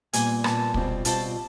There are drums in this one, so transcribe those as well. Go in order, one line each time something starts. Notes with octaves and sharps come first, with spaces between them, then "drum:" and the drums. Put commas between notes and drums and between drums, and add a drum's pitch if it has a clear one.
A#2 G3 B3 G#5, drum: hi-hat
A#2 G3 B3 A5, drum: rim click
B2 G3 C4 F4, drum: kick
B2 G3 C4 F4 A5, drum: hi-hat